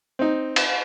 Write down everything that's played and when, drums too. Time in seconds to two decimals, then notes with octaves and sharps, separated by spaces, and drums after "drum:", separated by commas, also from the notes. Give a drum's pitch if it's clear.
0.19 C4 D#4
0.56 drum: cymbal